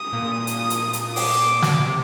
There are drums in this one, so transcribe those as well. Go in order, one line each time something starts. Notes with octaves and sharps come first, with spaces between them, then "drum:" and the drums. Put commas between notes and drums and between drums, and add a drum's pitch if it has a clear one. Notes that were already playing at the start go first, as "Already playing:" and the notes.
Already playing: D#6
A#2
drum: hi-hat
drum: hi-hat
drum: hi-hat
D6, drum: open hi-hat
drum: snare
C3